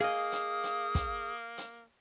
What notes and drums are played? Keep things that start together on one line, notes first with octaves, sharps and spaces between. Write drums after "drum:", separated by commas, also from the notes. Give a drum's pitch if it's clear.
A#3 G#4 D#5 F5 D#6
drum: hi-hat
drum: hi-hat
drum: kick, hi-hat
drum: hi-hat